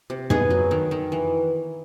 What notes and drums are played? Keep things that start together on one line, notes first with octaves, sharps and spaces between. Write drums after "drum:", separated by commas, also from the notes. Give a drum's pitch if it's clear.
C3
B3 G#4, drum: tom
F#3
D#3
D#3
E3